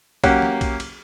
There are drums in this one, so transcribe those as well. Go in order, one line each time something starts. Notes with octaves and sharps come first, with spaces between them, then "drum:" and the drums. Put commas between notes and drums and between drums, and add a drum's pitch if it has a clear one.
F#3 A#3 C#4 G4 F#5, drum: kick A#1, cymbal
drum: snare
drum: kick A#1, cymbal
drum: cymbal